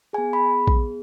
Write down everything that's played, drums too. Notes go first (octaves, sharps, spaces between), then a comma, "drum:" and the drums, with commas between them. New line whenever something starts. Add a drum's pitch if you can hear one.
B3 G#4 G#5
B5
drum: kick A#1